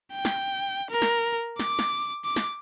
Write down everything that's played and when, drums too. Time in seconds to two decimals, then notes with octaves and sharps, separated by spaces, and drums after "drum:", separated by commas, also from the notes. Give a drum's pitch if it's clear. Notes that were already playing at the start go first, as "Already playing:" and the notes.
0.13 G5
0.25 drum: snare
0.91 A#4
1.02 drum: snare
1.59 D6, drum: snare
1.79 drum: snare
2.25 D6
2.36 drum: snare